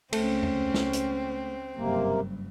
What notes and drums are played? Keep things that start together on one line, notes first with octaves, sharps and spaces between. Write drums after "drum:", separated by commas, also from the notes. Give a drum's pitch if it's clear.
C#2 A3 C4 C#4, drum: cymbal
drum: tom E2
drum: snare
drum: hi-hat
F#1 G2 C3 A#3